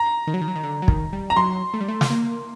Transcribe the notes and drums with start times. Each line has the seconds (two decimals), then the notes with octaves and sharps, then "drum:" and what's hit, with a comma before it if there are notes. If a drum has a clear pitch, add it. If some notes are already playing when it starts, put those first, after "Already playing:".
Already playing: A#5
0.27 D#3
0.34 F#3
0.41 D#3
0.48 F#3
0.56 D#3
0.63 D3
0.82 F#3
0.88 D#3, drum: kick
1.13 G3
1.30 A#5
1.36 F#3 C6
1.74 A3
1.81 G3
1.88 A3
2.01 drum: snare
2.10 A#3